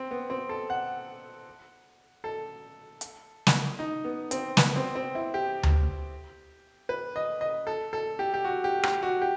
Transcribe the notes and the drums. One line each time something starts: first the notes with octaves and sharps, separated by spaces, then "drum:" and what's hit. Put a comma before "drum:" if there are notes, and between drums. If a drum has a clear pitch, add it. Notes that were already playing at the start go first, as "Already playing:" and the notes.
Already playing: C4
B3
C4
A4
F#5
A4
drum: hi-hat
drum: snare
D#4
B3
C4, drum: hi-hat
B3, drum: snare
C4
C4
E4
G4
drum: tom D2
B4
D#5
D#5
A4
A4
G4
G4
F#4
G4
G4, drum: rim click
F#4
G4